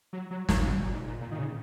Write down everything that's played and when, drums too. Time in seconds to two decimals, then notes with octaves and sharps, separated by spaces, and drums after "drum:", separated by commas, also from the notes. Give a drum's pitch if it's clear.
0.13 F#3
0.31 F#3
0.49 D#3, drum: snare
0.67 B2
0.80 A#2
0.94 G#2
1.08 A#2
1.21 A#2
1.31 D#3
1.39 C#3